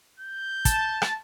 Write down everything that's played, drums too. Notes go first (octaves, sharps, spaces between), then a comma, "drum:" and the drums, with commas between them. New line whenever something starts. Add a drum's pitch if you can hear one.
G6
A5, drum: kick, hi-hat
drum: rim click